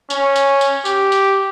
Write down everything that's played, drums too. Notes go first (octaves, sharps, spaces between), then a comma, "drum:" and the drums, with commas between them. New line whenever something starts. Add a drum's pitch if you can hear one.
C#4, drum: tambourine
drum: tambourine
drum: tambourine
G4, drum: tambourine
drum: tambourine